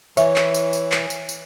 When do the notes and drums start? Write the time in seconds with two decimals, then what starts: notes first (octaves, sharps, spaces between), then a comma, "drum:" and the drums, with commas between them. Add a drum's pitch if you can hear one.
0.17 E3 C#5 E5, drum: tambourine
0.36 drum: clap
0.54 drum: tambourine
0.73 drum: tambourine
0.92 drum: clap
1.10 drum: tambourine
1.29 drum: tambourine